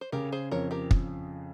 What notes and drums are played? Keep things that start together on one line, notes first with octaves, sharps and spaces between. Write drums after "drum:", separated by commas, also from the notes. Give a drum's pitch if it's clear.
C5
C#3 G4 A#4
G#4 C5
F2 A#4 C#5
G4 A#4
drum: kick